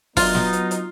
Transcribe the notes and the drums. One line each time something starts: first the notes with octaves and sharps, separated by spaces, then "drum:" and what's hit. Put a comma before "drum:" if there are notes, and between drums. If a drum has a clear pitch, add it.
F#3 B3 D#4 F4, drum: kick, open hi-hat
drum: snare
drum: hi-hat
drum: hi-hat